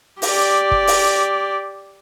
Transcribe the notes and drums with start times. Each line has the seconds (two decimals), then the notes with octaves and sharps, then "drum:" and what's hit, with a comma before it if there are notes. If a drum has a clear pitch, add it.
0.22 G4 D5, drum: open hi-hat
0.71 drum: kick
0.87 drum: open hi-hat